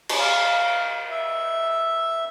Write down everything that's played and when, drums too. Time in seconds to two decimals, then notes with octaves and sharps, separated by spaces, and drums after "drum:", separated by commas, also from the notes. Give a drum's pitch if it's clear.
0.09 drum: cymbal
0.19 F5
1.10 E5